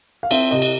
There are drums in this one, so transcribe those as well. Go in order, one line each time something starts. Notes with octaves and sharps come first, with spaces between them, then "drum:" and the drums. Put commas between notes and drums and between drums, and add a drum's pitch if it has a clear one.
F5
C4 E5, drum: cymbal
C3 D#5
drum: cymbal